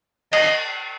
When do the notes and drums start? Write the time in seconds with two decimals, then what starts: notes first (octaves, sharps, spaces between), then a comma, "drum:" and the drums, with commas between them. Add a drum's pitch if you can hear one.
0.33 D#5, drum: cymbal